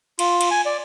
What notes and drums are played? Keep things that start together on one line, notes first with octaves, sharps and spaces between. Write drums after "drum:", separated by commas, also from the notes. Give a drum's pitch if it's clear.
F4, drum: cymbal
drum: cymbal
G#5
D5